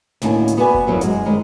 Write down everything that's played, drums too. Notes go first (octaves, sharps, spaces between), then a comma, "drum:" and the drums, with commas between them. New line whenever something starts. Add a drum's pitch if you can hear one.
D2 A2 D#3 A#3 C#4 A5, drum: snare
drum: hi-hat
B3 F#4 B4 D5 G#5
drum: kick F1
E2 B2 F#3 G3 A#3 C#4
F#2 G#3, drum: hi-hat
D#3 G3 G#3 C#4